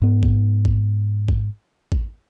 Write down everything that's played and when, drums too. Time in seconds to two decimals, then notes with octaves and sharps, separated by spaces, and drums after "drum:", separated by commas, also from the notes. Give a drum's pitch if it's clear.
0.02 G#2 B3
0.23 drum: kick
0.65 drum: kick
1.28 drum: kick
1.92 drum: kick